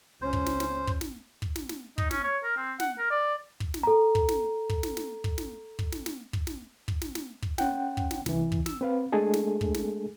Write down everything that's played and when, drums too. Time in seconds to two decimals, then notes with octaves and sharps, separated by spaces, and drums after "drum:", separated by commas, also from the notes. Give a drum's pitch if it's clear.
0.22 C#2 C#4 C5
0.33 drum: kick
0.46 drum: snare
0.60 drum: snare
0.87 drum: kick
1.01 drum: snare
1.42 drum: kick
1.56 drum: snare
1.69 drum: snare
1.98 D#4, drum: kick
2.11 C#4, drum: snare
2.24 C#5
2.43 A#4
2.57 C4
2.80 F#5, drum: snare
2.99 A#4
3.11 D5
3.60 drum: kick
3.74 drum: snare
3.83 A4 A#5
4.15 drum: kick
4.29 drum: snare
4.69 drum: kick
4.83 drum: snare
4.97 drum: snare
5.24 drum: kick
5.38 drum: snare
5.79 drum: kick
5.92 drum: snare
6.06 drum: snare
6.33 drum: kick
6.47 drum: snare
6.88 drum: kick
7.02 drum: snare
7.15 drum: snare
7.42 drum: kick
7.58 C#4 F#5 G5, drum: snare
7.97 drum: kick
8.11 drum: snare
8.26 C2 E3, drum: snare
8.52 drum: kick
8.66 E6, drum: snare
8.81 C4 B4 F5
9.12 G#3 A3 D4 G#4 A4
9.34 drum: snare
9.61 drum: kick
9.74 drum: snare